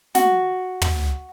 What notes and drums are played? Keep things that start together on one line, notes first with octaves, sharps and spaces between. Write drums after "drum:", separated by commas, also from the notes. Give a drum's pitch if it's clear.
F#4, drum: snare
drum: tom